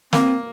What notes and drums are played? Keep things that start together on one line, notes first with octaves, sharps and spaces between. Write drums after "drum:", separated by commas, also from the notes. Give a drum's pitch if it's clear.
A#3 C4, drum: snare